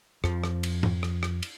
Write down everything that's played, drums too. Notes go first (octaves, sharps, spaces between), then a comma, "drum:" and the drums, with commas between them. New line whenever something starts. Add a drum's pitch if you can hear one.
F2 F3, drum: rim click
drum: rim click
drum: cymbal
drum: tom G#2
drum: rim click
drum: rim click
drum: cymbal